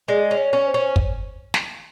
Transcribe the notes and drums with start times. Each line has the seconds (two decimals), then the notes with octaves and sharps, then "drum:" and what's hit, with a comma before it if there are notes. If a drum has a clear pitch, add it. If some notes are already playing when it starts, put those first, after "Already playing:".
0.08 G#3 D5
0.31 C#4
0.37 C#5
0.53 C#4
0.67 C5
0.74 C#4
0.96 drum: kick
1.54 drum: snare